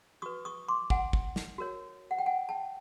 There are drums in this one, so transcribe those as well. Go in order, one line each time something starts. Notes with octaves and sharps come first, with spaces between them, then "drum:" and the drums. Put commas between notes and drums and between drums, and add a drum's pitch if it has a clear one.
F#4 B4 C#6 D#6
C#6 D#6
C6 D6
F#5 G#5, drum: kick
drum: kick
drum: snare
F#4 A#4 C#5
F#5
G5
F#5 G#5
G5 A5